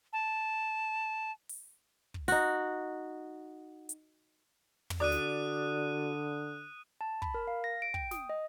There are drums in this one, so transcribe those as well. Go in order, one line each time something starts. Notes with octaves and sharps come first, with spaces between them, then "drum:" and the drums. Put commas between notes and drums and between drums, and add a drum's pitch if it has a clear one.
A5
drum: open hi-hat
drum: kick
D#4 F#4, drum: open hi-hat
drum: hi-hat
drum: tom
D3 F#4 D5 D#6 F#6 D#7
drum: snare
A5
B5, drum: kick
A#4
F5
A#6
D7
G5, drum: kick
D#6, drum: snare
D#5